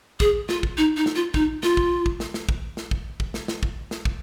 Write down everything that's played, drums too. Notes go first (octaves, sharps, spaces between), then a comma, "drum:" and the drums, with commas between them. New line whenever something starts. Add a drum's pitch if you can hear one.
G#4, drum: kick
F4, drum: snare
drum: kick
D#4
D#4
drum: snare
F4
D#4, drum: kick
F4, drum: snare
drum: kick
drum: kick
drum: snare
drum: snare
drum: kick
drum: snare
drum: kick
drum: kick
drum: snare
drum: snare
drum: kick
drum: snare
drum: kick